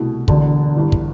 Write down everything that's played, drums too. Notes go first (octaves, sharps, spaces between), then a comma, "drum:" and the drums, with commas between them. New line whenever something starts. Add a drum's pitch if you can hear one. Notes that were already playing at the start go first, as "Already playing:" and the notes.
Already playing: C2 B2 A3 E4
E1 D2 D3 A3 D4, drum: kick
G1 G2 E3
drum: kick